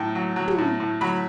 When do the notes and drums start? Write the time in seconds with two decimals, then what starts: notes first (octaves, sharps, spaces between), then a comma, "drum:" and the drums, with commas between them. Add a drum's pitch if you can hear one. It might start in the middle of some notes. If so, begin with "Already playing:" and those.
Already playing: A2 F#3 G5
0.15 F#3
0.36 F#3
0.48 drum: tom
0.58 A2
0.80 A2
1.01 F#3 B5